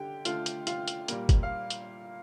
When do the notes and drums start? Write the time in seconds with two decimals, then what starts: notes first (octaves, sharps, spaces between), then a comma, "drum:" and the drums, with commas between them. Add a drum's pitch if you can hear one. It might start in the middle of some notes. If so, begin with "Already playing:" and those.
Already playing: D3 G4 G5
0.25 D3 A3 F4 F5, drum: hi-hat
0.46 drum: hi-hat
0.67 F4 F5, drum: hi-hat
0.88 drum: hi-hat
1.08 A#2 G3 A#3, drum: hi-hat
1.29 drum: kick, hi-hat
1.43 F5
1.70 drum: hi-hat